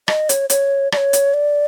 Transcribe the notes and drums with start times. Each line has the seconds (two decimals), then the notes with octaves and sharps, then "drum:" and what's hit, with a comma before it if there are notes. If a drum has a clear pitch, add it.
0.08 D#5, drum: rim click
0.29 C#5, drum: hi-hat
0.50 C#5, drum: hi-hat
0.92 D5, drum: rim click
0.97 C#5
1.13 drum: hi-hat
1.34 D5